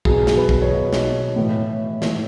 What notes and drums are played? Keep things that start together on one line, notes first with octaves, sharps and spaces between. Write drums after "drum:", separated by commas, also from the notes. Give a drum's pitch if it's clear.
B2 F#3 G#4, drum: kick
drum: snare
B4
drum: kick
C#5
B2 F#3 D#5
drum: snare
A2 E3
A2 E3, drum: snare